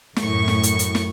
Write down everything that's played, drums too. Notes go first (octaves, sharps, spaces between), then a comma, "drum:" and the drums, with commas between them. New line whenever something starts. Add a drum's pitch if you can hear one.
F#2 A2 C#6, drum: snare
drum: snare
drum: hi-hat
drum: hi-hat
drum: snare